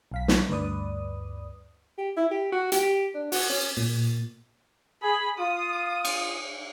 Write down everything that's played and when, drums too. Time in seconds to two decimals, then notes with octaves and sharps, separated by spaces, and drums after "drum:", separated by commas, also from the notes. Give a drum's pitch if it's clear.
0.11 B1 F5 B6
0.28 drum: snare
0.49 D2 G2 B4 D5 D#6
1.98 G4
2.17 E4
2.31 G4
2.52 F#4
2.72 G4, drum: hi-hat
3.15 D4
3.32 F#4, drum: open hi-hat
3.50 C#4
3.77 A#2
5.03 G#4 B5
5.39 F4 D#6
6.05 drum: cymbal